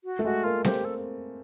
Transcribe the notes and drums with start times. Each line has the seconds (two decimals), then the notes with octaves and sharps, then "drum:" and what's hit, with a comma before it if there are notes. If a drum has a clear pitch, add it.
0.04 F#4
0.19 A3
0.25 G#3 F#4
0.44 A#3 F4
0.65 C4 G4, drum: snare C4
0.85 A4